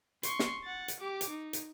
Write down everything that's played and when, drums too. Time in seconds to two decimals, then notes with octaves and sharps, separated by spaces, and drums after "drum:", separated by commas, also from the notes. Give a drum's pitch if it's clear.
0.23 C6 C#6, drum: hi-hat
0.39 drum: snare
0.64 F#5 A6
0.88 drum: hi-hat
1.00 G4 D6
1.21 drum: hi-hat
1.30 D#4
1.53 drum: hi-hat